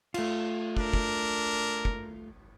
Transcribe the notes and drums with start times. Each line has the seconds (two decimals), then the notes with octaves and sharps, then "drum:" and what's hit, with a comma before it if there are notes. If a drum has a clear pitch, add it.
0.14 A3 F4, drum: cymbal
0.77 D4 A#4, drum: kick
0.94 drum: kick
1.85 drum: kick